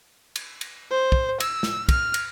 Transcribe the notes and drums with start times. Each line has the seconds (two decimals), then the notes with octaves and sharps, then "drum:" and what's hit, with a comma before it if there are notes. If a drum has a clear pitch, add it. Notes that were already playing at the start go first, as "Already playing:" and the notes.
0.36 drum: cymbal
0.61 drum: cymbal
0.91 C5
1.12 drum: kick
1.40 E6, drum: cymbal
1.63 drum: snare
1.89 F6, drum: kick, cymbal
2.14 drum: cymbal